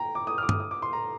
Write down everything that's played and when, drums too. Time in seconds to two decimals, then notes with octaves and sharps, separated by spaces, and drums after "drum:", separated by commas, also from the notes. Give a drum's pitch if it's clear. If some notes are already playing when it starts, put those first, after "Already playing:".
Already playing: G5 A#5
0.15 D6
0.27 D#6
0.38 D6 F6
0.49 D#6, drum: tom G2
0.60 D#6
0.71 D6
0.82 C6
0.93 A#5